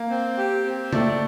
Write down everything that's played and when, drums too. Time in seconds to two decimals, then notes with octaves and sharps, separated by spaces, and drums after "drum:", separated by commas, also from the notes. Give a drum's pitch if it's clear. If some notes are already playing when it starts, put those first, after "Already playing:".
Already playing: A#3
0.10 C4
0.38 G4
0.65 C4
0.93 A3 D5, drum: tom C#3